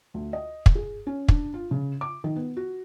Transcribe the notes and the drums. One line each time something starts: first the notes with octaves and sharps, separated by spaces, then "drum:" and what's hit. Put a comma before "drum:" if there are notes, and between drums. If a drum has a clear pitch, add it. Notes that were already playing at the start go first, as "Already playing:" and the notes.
D2
D#5
drum: kick
G#4
C#4
D4, drum: kick
F4
C#3
D6
D#3
B3
F#4